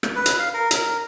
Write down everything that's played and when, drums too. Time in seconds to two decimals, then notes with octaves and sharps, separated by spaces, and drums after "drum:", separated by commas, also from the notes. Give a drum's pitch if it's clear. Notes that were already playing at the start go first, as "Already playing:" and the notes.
0.03 drum: rim click
0.16 B4
0.26 drum: hi-hat
0.39 F5
0.54 A#4
0.71 A#4, drum: hi-hat